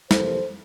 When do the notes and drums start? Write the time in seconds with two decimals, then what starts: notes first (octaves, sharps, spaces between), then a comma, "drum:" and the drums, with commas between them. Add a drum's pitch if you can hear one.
0.11 F2 C3 E3 G3 A#3 A4 C5, drum: snare